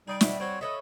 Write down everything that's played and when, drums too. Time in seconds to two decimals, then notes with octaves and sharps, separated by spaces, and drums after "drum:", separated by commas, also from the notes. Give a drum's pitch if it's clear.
0.08 G3 D#4 G#4 D5
0.21 B2 C4 D#5 E5, drum: snare
0.40 C4 F#4 C5 C#5
0.61 A4 B4 C#5 D#5 E5